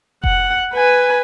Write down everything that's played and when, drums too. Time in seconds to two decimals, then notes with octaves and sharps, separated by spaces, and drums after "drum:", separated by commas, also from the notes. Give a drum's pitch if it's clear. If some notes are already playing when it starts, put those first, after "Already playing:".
0.24 F#5, drum: kick F1
0.74 B4 G#5